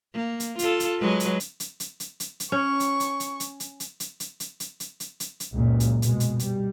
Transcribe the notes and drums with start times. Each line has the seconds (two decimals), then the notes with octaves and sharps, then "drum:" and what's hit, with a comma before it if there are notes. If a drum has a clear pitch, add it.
0.14 A#3
0.40 drum: hi-hat
0.59 F4 A4, drum: hi-hat
0.80 drum: hi-hat
1.00 F#3 G#3 B4
1.20 drum: hi-hat
1.40 drum: hi-hat
1.60 drum: hi-hat
1.80 drum: hi-hat
2.00 drum: hi-hat
2.20 drum: hi-hat
2.40 drum: hi-hat
2.52 C#4 C#6
2.80 drum: hi-hat
3.00 drum: hi-hat
3.20 drum: hi-hat
3.40 drum: hi-hat
3.60 drum: hi-hat
3.80 drum: hi-hat
4.00 drum: hi-hat
4.20 drum: hi-hat
4.40 drum: hi-hat
4.60 drum: hi-hat
4.80 drum: hi-hat
5.00 drum: hi-hat
5.20 drum: hi-hat
5.40 drum: hi-hat
5.54 C#2 F#2 A#2 C#3
5.80 drum: hi-hat
6.02 B2 G#3, drum: hi-hat
6.20 drum: hi-hat
6.39 G3, drum: hi-hat